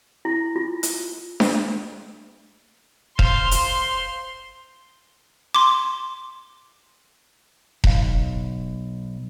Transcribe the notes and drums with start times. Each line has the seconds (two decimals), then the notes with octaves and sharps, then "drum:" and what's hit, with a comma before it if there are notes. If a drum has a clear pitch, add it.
0.25 E4
0.56 F4
0.83 drum: hi-hat
1.40 drum: snare D4
3.19 C5 F5 C6, drum: kick E1
3.51 drum: hi-hat
5.55 C6 D6
7.84 B1 F5, drum: kick E1